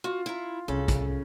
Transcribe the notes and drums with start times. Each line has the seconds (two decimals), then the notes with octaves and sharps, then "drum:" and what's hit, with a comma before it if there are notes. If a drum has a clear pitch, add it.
0.04 F4 F#4
0.26 E4 A#5
0.68 C2 C#3 A4
0.88 drum: kick, hi-hat